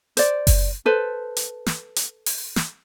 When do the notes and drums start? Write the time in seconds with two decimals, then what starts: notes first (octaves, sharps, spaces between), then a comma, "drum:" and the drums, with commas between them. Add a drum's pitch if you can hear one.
0.17 C5 D5, drum: hi-hat
0.47 drum: kick F#1, open hi-hat
0.85 A4 B4 C5
1.37 drum: hi-hat
1.66 drum: snare
1.96 drum: hi-hat
2.26 drum: open hi-hat
2.56 drum: snare